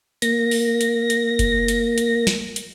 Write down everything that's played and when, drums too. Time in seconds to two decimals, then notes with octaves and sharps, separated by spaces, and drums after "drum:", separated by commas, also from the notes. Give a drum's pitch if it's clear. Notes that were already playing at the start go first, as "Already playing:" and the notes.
0.22 A#3 A#6, drum: hi-hat
0.51 drum: open hi-hat
0.81 drum: hi-hat
1.10 drum: hi-hat
1.39 drum: kick F#1, hi-hat
1.68 drum: hi-hat
1.98 drum: hi-hat
2.27 drum: snare
2.56 drum: hi-hat